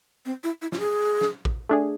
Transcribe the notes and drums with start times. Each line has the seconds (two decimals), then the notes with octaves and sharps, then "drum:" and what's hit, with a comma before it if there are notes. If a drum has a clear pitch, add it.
0.25 C4
0.44 E4
0.62 E4
0.72 F4, drum: snare
0.80 G#4
1.21 drum: snare
1.45 drum: kick
1.69 A3 D4 G#4